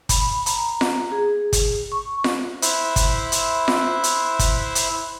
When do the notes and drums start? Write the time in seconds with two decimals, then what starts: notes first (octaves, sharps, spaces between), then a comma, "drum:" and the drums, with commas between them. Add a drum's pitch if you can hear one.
0.09 B5, drum: kick, hi-hat
0.46 A#5, drum: hi-hat
0.81 drum: snare F4
1.12 G#4
1.53 drum: kick, hi-hat
1.92 C#6
2.24 drum: snare F4
2.62 E4 C5 E5 F#6, drum: hi-hat
2.96 drum: kick, hi-hat
3.32 drum: hi-hat
3.68 drum: snare F4
4.04 drum: hi-hat
4.39 drum: kick, hi-hat
4.75 drum: hi-hat